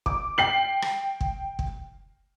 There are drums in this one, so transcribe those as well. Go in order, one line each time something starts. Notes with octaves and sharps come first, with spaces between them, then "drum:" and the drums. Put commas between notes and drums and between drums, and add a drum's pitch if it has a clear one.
D6, drum: kick
G5 C7 F#7
drum: rim click
drum: kick
drum: kick